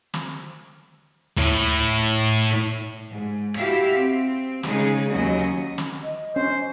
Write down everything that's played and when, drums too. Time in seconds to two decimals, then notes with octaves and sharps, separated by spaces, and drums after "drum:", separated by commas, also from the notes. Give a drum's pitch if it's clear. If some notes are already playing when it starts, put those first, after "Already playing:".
0.14 drum: snare
1.37 A2, drum: tom D2
3.11 G#2
3.54 E4 F#4 G4 E5 F5, drum: rim click
3.93 C4
4.63 C#3 G#3 C#4 D#4 G#4, drum: snare
5.10 D#2 C#3 F#3 F#4 D#5
5.38 drum: hi-hat
5.78 drum: snare
6.04 D#5
6.36 C#4 C5